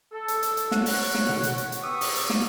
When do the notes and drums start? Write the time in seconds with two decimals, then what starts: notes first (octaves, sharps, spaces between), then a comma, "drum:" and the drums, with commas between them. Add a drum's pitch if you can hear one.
0.12 A4
0.28 drum: hi-hat
0.43 drum: hi-hat
0.57 drum: hi-hat
0.71 C#5 F#5, drum: snare
0.86 drum: open hi-hat
1.15 drum: snare
1.29 drum: tom B2
1.43 drum: hi-hat
1.58 drum: hi-hat
1.72 drum: hi-hat
1.82 B3 G4 C#6 D#6 E6
2.01 drum: open hi-hat
2.15 drum: hi-hat
2.30 drum: snare